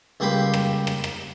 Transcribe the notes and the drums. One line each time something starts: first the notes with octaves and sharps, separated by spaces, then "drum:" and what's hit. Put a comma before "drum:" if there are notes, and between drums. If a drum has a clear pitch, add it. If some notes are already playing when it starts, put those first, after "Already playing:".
C#2 G3 A#3 G5 B5 C6
drum: rim click
drum: rim click
drum: rim click